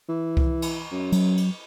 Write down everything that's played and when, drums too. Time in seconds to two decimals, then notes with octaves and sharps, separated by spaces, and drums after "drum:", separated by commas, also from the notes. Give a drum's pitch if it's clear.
0.09 E3
0.37 drum: kick C2
0.62 drum: cymbal
0.91 F#2
1.12 F#3, drum: cymbal
1.37 drum: cymbal